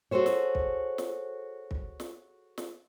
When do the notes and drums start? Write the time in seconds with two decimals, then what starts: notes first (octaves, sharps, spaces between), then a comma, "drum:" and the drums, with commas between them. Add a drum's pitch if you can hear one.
0.11 F#4 G#4 A4 C5 C#5
0.26 drum: snare
0.55 drum: kick
0.98 drum: snare
1.71 drum: kick
2.00 drum: snare
2.58 drum: snare